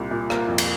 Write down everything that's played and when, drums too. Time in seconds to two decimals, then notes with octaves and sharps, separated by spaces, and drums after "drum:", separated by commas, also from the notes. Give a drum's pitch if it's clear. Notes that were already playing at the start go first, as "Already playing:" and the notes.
Already playing: C2 A#2
0.11 A#2
0.30 A#3, drum: rim click
0.48 F2
0.58 drum: cymbal